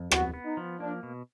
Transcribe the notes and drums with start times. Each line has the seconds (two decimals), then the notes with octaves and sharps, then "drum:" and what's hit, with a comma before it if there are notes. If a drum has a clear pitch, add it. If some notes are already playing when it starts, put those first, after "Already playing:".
Already playing: F2
0.11 B3 F#4, drum: rim click
0.34 B3
0.45 D#4
0.57 F3
0.80 A#3 D4
1.03 B2